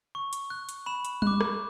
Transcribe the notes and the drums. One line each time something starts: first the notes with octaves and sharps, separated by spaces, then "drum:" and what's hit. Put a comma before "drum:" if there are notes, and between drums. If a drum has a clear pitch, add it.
C#6
drum: hi-hat
F#6
drum: hi-hat
B5 E7
drum: hi-hat
D6 F#6, drum: tom G3
drum: rim click